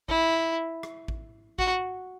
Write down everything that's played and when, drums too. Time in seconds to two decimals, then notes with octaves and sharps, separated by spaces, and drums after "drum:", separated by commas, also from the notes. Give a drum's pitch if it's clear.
0.09 E4, drum: kick A1
0.83 drum: rim click
1.08 drum: kick A1
1.59 F#4, drum: kick A1